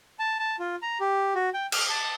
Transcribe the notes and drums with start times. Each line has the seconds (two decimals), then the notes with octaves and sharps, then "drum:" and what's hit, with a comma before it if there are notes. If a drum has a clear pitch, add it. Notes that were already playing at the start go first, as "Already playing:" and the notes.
0.19 A5
0.39 A5
0.59 F4
0.82 A#5
1.00 G4
1.35 F#4
1.54 G5
1.72 F6, drum: cymbal
1.90 A5